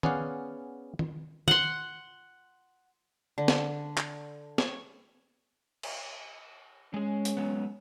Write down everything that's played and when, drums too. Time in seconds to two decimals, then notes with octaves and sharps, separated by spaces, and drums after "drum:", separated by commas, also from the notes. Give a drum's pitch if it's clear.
0.03 B3 C#4 G#4 D5 F5 F#5, drum: tom D#3
0.99 drum: tom D#3
1.48 F#5 C6, drum: tom D#3
3.38 D3
3.48 drum: snare
3.98 drum: clap
4.58 C#5, drum: snare
5.83 drum: cymbal
6.94 G#3 C#4 G#4
7.25 drum: hi-hat
7.37 F#3 G#3 B3